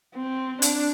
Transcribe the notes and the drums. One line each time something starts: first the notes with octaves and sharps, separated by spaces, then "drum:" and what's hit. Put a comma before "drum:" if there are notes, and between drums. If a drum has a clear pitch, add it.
C4
D4, drum: hi-hat